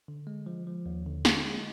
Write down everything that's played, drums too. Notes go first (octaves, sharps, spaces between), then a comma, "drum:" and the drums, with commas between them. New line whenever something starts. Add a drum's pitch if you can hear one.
D3
G#3
F3
F3
D#2
D3
G#3, drum: snare
G#3